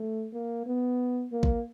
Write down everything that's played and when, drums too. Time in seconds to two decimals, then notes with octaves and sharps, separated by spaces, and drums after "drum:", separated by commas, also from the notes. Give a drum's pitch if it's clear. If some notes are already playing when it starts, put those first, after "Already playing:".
Already playing: A3
0.33 A#3
0.67 B3
1.32 A#3
1.43 drum: kick